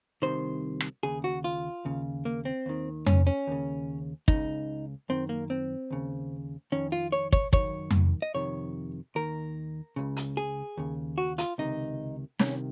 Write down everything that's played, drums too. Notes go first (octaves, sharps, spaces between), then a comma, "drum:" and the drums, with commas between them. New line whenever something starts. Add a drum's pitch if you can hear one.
C2 C3 D#3 C5
drum: rim click
D#2 C#3 G#4
F#4
F4
D#2 C#3
A#3
C4
D#2 D#3
C#4, drum: tom F2
C#4
D#2 C#3
C#2 C#3 D#4, drum: kick
F#2 D#3 C4
A#3
C4
D#2 C#3
F2 D#3 C#4
F4
C#5
C#5, drum: kick
F#2 D#3 C#5, drum: kick
drum: tom F2
D#5
F2 C3 D#3 C#5
D#2 D#3 A#4
C#2 C#3
drum: hi-hat
G#4
D#2 C#3
F#4
F4, drum: hi-hat
C#2 C3 D#3 D#4
C2 C3 D#3 C#4, drum: snare